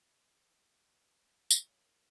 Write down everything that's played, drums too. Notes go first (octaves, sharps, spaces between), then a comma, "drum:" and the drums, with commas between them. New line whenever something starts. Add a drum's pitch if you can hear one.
B3 D#4 G#4 B4 D#5
C#4 F#4 B4
A#3 D#4 F#4 B4 E5, drum: tambourine
C#5
A#4